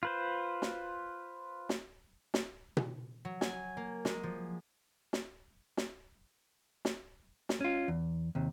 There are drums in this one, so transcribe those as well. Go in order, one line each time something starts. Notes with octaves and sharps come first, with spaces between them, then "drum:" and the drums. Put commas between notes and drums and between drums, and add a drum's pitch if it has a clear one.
F4 B4 C5
drum: snare
drum: snare
drum: snare
drum: tom B2
F#3
G#5, drum: snare
A#3
G#3, drum: snare
F3
drum: snare
drum: snare
drum: snare
drum: snare
C#4 F4
E2
D#2 C3